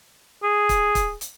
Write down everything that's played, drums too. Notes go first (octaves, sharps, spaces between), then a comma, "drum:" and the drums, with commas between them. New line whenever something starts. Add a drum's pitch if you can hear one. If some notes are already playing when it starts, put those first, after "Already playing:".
G#4
drum: kick, hi-hat
drum: kick, hi-hat
drum: hi-hat